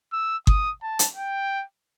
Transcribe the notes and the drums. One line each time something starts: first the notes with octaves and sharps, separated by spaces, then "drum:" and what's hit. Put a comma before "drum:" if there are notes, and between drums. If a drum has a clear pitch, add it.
E6
D#6, drum: kick G1
A5
drum: hi-hat
G5